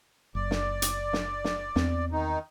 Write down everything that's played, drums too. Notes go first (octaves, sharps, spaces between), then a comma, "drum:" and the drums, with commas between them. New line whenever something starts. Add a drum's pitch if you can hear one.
F#1 D5
drum: snare
drum: hi-hat
drum: snare
drum: snare
E2 C4, drum: snare
D#3 D#4